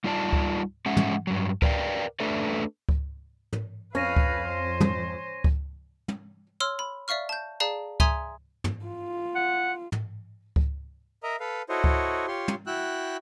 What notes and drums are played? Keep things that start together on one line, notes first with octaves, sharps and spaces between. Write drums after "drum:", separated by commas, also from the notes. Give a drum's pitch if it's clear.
G3 D#4 F4 D5 G#5 A5
drum: kick C#2
G#3 C#4 E5 F#5
drum: tom
G2 F#3
A#4 B4 D5 F5 G5, drum: kick C#2
A3 D4 A4 B4 D5 E5
drum: kick C#2
drum: tom
F2 C#4 B4 F5 G#6 A#6 D#7
drum: kick C#2
C5
drum: tom
drum: kick C#2
drum: tom
C#5 C6 E6 F6
B5
D5 E5 F5 C#6 F6
A5 G6
G#4 D5 F5 A5 A#5
E5 G#5 A#5 C6 D#6 G#6, drum: kick C#2
drum: tom
F4
F#5
drum: tom
drum: kick C#2
A#4 D#5 E5 A#5
A4 B4 F5
E4 F#4 A4 C5 C#5 D#5
drum: kick C#2
F4 G4 C#5 C6
drum: tom
E4 F#4 G5 E6 F#6